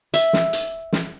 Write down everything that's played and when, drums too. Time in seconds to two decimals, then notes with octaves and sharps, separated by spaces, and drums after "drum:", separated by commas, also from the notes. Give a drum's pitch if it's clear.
0.14 E5, drum: hi-hat
0.33 drum: snare
0.53 drum: hi-hat
0.93 drum: snare